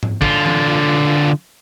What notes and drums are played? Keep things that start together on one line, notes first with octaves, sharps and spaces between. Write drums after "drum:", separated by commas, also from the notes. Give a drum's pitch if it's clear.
drum: tom G#2
D3 F4, drum: kick
drum: tom E3